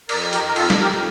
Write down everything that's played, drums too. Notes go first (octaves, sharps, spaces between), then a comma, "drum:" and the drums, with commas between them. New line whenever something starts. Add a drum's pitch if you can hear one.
F2 A#4 D5, drum: cymbal
D#3 G4 A#4, drum: hi-hat
A#4
F2 F4 A4, drum: cymbal
drum: snare
F2 G4 A#4